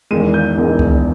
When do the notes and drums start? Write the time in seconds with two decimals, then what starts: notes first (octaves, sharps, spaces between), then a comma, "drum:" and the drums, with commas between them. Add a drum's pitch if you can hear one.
0.11 E1 E2 D#3 G#3 D#7
0.34 G6
0.57 E1 E2 D#3 G#3
0.79 drum: kick C#2